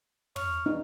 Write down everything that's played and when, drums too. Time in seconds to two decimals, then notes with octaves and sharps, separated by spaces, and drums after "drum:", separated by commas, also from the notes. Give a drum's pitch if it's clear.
0.36 C#6 F6, drum: tom
0.66 G2 D#4